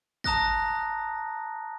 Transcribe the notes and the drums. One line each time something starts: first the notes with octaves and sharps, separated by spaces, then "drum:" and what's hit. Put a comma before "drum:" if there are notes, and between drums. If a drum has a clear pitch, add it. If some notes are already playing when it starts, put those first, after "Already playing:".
A5 A#5 D#6 F#6 A#6, drum: kick G#1